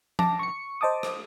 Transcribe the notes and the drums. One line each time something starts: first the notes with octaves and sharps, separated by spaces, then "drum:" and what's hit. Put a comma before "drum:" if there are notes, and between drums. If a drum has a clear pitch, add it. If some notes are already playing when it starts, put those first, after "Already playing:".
A5 D6 A#6, drum: tom F3
C#6 C#7
C5 D#5 A5 D6 D#6
drum: rim click